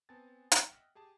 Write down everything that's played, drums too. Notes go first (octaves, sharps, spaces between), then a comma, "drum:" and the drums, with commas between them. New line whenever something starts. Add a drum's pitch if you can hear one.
B3 C4 G#5 A5 A6
D#5 E5 F#5 G5 F6, drum: hi-hat
G4 G#4 G#5 A5